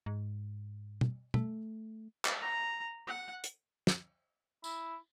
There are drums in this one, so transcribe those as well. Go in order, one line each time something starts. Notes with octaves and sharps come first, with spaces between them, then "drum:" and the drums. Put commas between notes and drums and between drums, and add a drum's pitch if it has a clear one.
G#2
drum: tom
A3, drum: tom
drum: clap
A#5
F#5
drum: hi-hat
drum: snare
E4, drum: tambourine